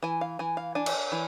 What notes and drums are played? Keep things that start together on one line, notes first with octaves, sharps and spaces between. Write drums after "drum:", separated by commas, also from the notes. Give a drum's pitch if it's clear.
E3 G#5
F5
E3 G#5
F5
D4 G#5
drum: cymbal
E3